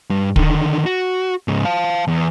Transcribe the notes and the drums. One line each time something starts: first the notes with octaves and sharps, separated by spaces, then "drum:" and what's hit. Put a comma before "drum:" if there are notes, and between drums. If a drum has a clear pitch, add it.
G2
D3 D#3, drum: kick
F#4
G#2 C#3
F5 A5
E2